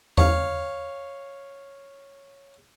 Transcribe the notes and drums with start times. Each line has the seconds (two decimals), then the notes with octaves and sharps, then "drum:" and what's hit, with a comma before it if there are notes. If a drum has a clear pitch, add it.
0.18 C#5 F5, drum: tom E2